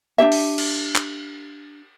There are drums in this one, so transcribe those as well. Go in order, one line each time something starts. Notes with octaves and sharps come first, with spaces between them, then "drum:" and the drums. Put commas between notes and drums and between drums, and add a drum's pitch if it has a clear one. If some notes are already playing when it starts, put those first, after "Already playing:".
D4 D#4 G4 E5
drum: open hi-hat
drum: cymbal
drum: clap